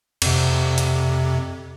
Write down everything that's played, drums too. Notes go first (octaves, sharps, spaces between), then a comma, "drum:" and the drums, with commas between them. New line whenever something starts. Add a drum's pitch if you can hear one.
F2 C3, drum: cymbal
drum: hi-hat